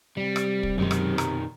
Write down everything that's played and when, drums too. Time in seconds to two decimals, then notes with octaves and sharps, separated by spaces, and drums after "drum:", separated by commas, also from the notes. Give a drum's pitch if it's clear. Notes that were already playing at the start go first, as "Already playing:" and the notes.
0.17 C3 G3
0.36 drum: rim click
0.63 drum: kick
0.78 F#2 B2 D#3 G#3
0.91 drum: rim click
1.18 A#5, drum: rim click